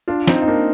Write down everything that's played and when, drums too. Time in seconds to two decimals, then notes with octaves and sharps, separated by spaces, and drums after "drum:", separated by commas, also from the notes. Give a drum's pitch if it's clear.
0.08 D4 F4
0.28 C4 D#4, drum: snare
0.42 D#4
0.47 A#3 D4